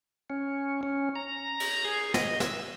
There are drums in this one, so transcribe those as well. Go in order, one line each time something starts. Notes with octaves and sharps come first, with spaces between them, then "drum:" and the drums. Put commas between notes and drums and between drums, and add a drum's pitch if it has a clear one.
C#4
C#4
A#5
drum: cymbal
G#4
D#5, drum: snare
E6, drum: snare